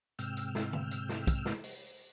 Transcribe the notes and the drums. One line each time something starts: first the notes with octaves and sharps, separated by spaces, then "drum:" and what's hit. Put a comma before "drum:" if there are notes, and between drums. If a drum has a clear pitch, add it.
G#2 C3 G5 E6 F6, drum: hi-hat
drum: hi-hat
drum: snare
drum: tom D3
drum: hi-hat
drum: snare
drum: kick, hi-hat
drum: snare
drum: open hi-hat